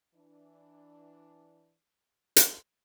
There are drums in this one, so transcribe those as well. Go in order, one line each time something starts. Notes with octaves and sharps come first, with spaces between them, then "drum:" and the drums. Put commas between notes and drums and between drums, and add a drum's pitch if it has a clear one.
E3 D4
drum: hi-hat